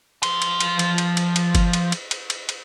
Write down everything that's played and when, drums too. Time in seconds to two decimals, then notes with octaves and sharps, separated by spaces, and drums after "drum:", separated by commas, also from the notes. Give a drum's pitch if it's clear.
0.23 F3 C6, drum: cymbal
0.42 drum: cymbal
0.60 drum: cymbal
0.79 drum: cymbal
0.98 drum: cymbal
1.17 drum: cymbal
1.36 drum: cymbal
1.55 drum: kick G1, cymbal
1.73 drum: cymbal
1.92 drum: cymbal
2.11 drum: cymbal
2.30 drum: cymbal
2.49 drum: cymbal